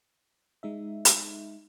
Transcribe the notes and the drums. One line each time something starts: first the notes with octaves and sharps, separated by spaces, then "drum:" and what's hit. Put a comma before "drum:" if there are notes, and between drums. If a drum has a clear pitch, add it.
G#3 D#4 E5
drum: hi-hat